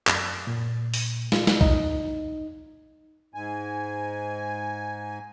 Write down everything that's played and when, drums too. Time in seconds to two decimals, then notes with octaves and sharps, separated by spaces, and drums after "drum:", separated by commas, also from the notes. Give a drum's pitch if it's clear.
0.07 F#2, drum: clap
0.47 A#2
0.94 drum: open hi-hat
1.32 F4, drum: snare
1.47 drum: snare
1.61 D#4, drum: kick B1
3.34 G#2 G#5